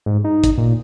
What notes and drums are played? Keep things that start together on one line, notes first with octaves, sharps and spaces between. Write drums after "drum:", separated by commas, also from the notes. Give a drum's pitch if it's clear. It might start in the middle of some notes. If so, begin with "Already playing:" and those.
G#2
D#4
drum: kick G1, hi-hat
A#2